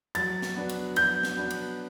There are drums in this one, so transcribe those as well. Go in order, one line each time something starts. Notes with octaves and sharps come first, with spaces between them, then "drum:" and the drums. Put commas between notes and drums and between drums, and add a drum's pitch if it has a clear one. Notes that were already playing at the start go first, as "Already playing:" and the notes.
F#3 A6, drum: cymbal
drum: snare
B3 D4 F#4
drum: cymbal
F#3 G6, drum: cymbal
drum: snare
B3 D4 F#4
drum: cymbal